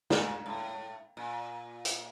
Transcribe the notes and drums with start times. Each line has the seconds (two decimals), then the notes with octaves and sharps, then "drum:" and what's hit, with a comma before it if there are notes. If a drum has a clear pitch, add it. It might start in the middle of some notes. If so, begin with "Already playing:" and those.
0.10 A#2, drum: snare
0.46 A2
1.17 A#2
1.85 drum: hi-hat